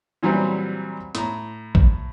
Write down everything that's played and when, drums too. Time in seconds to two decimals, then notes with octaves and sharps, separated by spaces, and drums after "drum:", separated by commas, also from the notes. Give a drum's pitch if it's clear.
0.23 A#2 E3 F#3 G3 C4
1.15 A2 A#5, drum: hi-hat
1.75 drum: kick A1